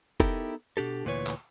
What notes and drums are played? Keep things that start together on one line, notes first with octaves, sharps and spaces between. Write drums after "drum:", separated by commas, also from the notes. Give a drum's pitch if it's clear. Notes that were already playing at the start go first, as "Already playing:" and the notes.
B3 D#4 E4 G4 A4 A#4, drum: kick
B2 D4 G4 A4
D2 A#2 E3 B4 C#5
drum: clap